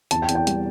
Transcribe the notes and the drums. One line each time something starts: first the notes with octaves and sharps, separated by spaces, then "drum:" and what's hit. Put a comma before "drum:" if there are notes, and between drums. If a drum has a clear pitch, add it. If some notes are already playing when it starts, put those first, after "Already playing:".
E2 A5, drum: hi-hat
G5
E2, drum: hi-hat
G5
G3, drum: hi-hat